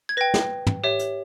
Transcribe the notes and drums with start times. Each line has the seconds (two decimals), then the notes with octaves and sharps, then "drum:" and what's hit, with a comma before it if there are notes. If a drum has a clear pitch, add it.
0.09 G#6
0.17 B4 G5 A#6
0.34 drum: snare
0.67 drum: tom
0.84 G4 C#5 E5
0.99 drum: hi-hat